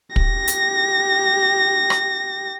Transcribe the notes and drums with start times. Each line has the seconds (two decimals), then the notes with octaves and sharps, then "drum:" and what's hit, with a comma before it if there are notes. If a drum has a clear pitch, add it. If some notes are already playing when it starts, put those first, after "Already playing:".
0.16 G4 A#6, drum: kick
0.48 drum: hi-hat
1.90 drum: rim click